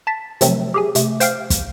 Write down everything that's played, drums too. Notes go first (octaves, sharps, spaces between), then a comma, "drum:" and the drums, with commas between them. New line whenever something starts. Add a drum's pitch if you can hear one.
A5 A6 B6
C3 D#3 F3 F#3 A3 C4, drum: hi-hat
G4 G#4 G#5
C3 A3, drum: hi-hat
C5 F5 G5 F6 G6 C7, drum: hi-hat
drum: kick, hi-hat